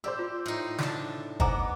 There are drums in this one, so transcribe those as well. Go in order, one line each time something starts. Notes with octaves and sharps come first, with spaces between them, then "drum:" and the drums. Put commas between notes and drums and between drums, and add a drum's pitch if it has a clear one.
G4 C5 D5 E6
F4
A2 D#4
D4 A5, drum: snare
B3 C5 D#5 F#5 G#5 A#5 D6, drum: kick